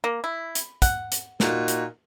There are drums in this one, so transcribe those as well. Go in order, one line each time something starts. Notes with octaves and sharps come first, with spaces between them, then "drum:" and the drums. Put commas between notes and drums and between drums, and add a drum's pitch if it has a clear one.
A#3
E4
drum: hi-hat
F#5, drum: kick, hi-hat
drum: hi-hat
A#2 D#4 F#4, drum: snare
drum: hi-hat